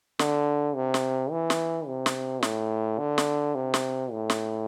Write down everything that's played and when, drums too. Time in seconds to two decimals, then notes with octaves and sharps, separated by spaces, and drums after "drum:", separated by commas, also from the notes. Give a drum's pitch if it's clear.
0.19 D3, drum: snare
0.75 C3
0.94 drum: snare
1.31 E3
1.50 drum: snare
1.87 C3
2.06 drum: snare
2.43 A2, drum: snare
2.99 D3
3.18 drum: snare
3.55 C3
3.74 drum: snare
4.12 A2
4.30 drum: snare